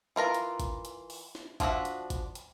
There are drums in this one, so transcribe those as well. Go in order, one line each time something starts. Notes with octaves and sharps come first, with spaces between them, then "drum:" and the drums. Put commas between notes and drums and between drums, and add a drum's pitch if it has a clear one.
E3 F4 A#4 A#5
drum: hi-hat
drum: kick, hi-hat
drum: hi-hat
drum: open hi-hat
drum: snare
F3 C4 D4 F#4 E5, drum: kick, hi-hat
drum: hi-hat
drum: kick, hi-hat
drum: hi-hat